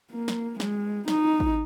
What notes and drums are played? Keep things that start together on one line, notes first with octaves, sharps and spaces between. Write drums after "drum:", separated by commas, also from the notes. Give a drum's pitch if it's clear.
A#3
drum: snare
G#3, drum: snare
D#4, drum: snare
drum: kick